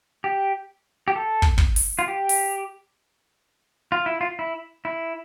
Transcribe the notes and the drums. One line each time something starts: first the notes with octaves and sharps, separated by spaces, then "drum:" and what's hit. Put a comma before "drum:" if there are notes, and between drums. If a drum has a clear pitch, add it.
G4
G4
A4
drum: kick
drum: kick
drum: open hi-hat
F4
G4
drum: open hi-hat
F4
E4
F4
E4
E4